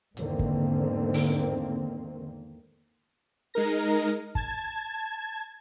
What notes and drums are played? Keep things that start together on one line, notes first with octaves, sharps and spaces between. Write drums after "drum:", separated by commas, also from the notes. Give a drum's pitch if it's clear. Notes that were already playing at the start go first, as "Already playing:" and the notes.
E2 G#2 D3 D#3 A#3 C4, drum: hi-hat
drum: kick
drum: open hi-hat
G#3 D#4 A#4 A#6
A5 G#6, drum: kick